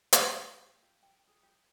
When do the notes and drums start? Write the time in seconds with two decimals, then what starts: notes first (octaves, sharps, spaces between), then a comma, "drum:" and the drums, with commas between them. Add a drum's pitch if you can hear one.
0.13 drum: hi-hat
0.23 G#4
0.61 F5
0.83 G4
1.03 G5
1.27 G#4
1.43 G4